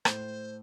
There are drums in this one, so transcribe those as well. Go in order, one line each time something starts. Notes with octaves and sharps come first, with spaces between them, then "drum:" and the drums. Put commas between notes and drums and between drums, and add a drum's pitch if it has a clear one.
A2 C5, drum: rim click